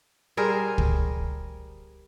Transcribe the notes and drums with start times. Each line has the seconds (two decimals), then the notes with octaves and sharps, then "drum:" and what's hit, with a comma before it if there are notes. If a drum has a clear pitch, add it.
0.37 G3 G#4 A#4 C5
0.78 drum: kick